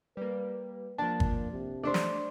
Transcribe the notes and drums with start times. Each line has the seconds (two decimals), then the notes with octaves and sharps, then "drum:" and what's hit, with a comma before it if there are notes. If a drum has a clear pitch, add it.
0.17 G3 A#3 B4
0.98 F3 A#3 D4 A5
1.20 drum: kick G1
1.52 C3
1.83 A3 D4 C5 D5
1.94 drum: snare